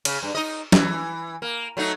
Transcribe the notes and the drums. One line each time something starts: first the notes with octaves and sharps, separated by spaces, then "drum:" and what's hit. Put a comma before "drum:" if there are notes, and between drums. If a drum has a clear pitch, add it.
C#3, drum: cymbal
G2
D#4 D#5
E3, drum: snare
A#3
F#3 A3 D#4